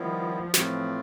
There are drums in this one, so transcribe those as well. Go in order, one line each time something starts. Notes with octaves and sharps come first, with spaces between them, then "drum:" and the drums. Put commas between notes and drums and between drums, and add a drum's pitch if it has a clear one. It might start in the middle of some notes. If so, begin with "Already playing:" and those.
Already playing: D#3 F3 G3 B3 E4
A2 E3 F3 A3 C4 F4, drum: snare